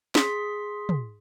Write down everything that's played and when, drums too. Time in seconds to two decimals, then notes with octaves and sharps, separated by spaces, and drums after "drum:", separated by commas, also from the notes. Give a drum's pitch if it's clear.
0.15 G#4 C6 B6, drum: snare
0.89 drum: tom